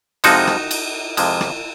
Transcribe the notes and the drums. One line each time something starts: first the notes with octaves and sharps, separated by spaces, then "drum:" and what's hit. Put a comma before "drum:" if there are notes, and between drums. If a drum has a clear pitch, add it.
F2 C3 F3 G#3 D#4 F#4, drum: cymbal
drum: rim click
drum: cymbal
F2 C3 F3 G#3, drum: cymbal
drum: rim click